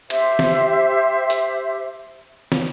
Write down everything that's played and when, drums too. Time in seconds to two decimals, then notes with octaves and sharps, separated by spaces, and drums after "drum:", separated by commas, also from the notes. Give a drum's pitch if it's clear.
0.10 G4 C5 E5, drum: cymbal
0.39 drum: snare
1.30 drum: hi-hat
2.52 drum: snare